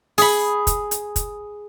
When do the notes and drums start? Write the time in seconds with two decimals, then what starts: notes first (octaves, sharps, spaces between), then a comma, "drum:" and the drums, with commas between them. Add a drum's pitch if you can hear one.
0.18 G#4 B5, drum: open hi-hat
0.67 drum: kick, hi-hat
0.91 drum: hi-hat
1.16 drum: kick, hi-hat